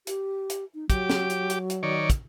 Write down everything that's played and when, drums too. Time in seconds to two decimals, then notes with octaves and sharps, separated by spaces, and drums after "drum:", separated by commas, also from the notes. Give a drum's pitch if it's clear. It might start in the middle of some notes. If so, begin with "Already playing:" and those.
0.07 G4, drum: hi-hat
0.50 drum: hi-hat
0.74 D#4
0.90 F#3 G4 D6, drum: kick, hi-hat
1.10 drum: snare
1.30 drum: hi-hat
1.50 drum: hi-hat
1.70 drum: hi-hat
1.83 D#3 C#5 D5
2.10 drum: kick, hi-hat